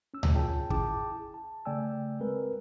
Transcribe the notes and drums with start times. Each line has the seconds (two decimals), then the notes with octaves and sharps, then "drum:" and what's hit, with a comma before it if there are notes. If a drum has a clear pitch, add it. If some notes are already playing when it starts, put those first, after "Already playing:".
0.14 C#4 E6
0.23 drum: tom C#2
0.35 C#4 F4 G#4 G5 A5
0.70 E4 G#4 G5 A5 D6, drum: kick
1.34 A5
1.65 C#3 A3 D5 G5 G#5 E6
2.20 G#3 C4 A#4 B4